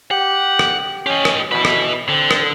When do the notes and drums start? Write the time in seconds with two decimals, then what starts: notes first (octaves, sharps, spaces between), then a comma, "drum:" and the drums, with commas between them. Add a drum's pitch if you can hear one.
0.11 G4 F#5
0.59 drum: rim click
1.06 C#4 G4 D#5
1.25 drum: rim click
1.52 B2 E4 B4
1.65 drum: rim click
2.09 D3 C4
2.31 drum: rim click